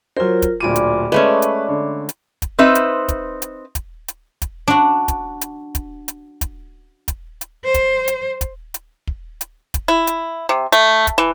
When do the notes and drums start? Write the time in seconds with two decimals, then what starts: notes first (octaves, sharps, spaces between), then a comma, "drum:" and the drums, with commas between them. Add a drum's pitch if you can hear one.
0.17 F#3 F4 A#4 C5
0.42 drum: kick, hi-hat
0.60 D1 A#2 D5 B5 D6 D#7
0.76 drum: hi-hat
1.12 G#3 A3 C#4 B4
1.42 drum: hi-hat
1.68 D3
2.09 drum: hi-hat
2.42 drum: kick, hi-hat
2.59 C4 D#4 B4 C5 E5
2.75 drum: hi-hat
3.08 drum: kick, hi-hat
3.42 drum: hi-hat
3.75 drum: kick, hi-hat
4.08 drum: hi-hat
4.42 drum: kick, hi-hat
4.68 D4 F#4
5.08 drum: kick, hi-hat
5.41 drum: hi-hat
5.75 drum: kick, hi-hat
6.08 drum: hi-hat
6.41 drum: kick, hi-hat
7.08 drum: kick, hi-hat
7.41 drum: hi-hat
7.64 C5
7.74 drum: kick, hi-hat
8.08 drum: hi-hat
8.41 drum: kick, hi-hat
8.74 drum: hi-hat
9.07 drum: kick
9.41 drum: hi-hat
9.74 drum: kick, hi-hat
9.88 E4
10.07 drum: hi-hat
10.49 C3
10.72 A3, drum: hi-hat
11.07 drum: kick, hi-hat
11.18 E3